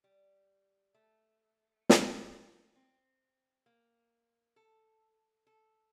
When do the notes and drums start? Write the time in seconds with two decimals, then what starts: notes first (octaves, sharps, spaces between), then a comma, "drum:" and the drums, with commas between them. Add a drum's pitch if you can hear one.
0.04 G3
0.94 A3
1.90 drum: snare
2.75 C4
3.66 A#3
4.56 A4
5.47 A4